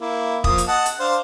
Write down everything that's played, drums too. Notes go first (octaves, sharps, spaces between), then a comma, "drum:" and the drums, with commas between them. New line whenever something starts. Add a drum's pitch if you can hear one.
A#3 E4
F3 A#3 D#6, drum: kick E1
drum: hi-hat
D#5 F#5 A5
drum: hi-hat
D4 C5 F5